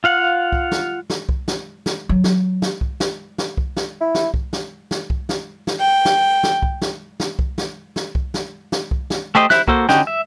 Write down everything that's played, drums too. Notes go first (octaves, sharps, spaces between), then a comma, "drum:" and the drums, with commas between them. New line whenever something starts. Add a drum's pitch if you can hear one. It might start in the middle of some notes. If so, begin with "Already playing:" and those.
F4 F5 F#5
drum: kick C2
drum: snare
drum: snare
drum: kick C2
drum: snare
drum: snare
F#3
drum: snare
drum: snare
drum: kick C2
drum: snare
drum: snare
drum: kick C2
drum: snare
E4
drum: snare
drum: kick C2
drum: snare
drum: snare
drum: kick C2
drum: snare
drum: snare
G5
drum: snare
drum: snare
drum: kick C2
drum: snare
drum: snare
drum: kick C2
drum: snare
drum: snare
drum: kick C2
drum: snare
drum: snare
drum: kick C2
drum: snare
A3 G4 C5 D#5
E4 C5 E5 F#6, drum: snare
A#3 F#4 A4 C5, drum: kick C2
D3 C#4 D#4 F#4 G5, drum: snare
E5